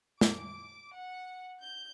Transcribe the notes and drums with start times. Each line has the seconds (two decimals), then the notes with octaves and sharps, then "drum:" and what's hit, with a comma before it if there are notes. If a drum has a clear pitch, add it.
0.21 D6, drum: snare
0.95 F#5
1.61 G6